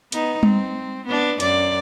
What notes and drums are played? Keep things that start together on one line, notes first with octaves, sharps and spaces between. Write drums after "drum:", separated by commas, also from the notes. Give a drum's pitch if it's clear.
B3 D#4, drum: hi-hat
C4, drum: tom G3
B3 D4
F#2 D5, drum: hi-hat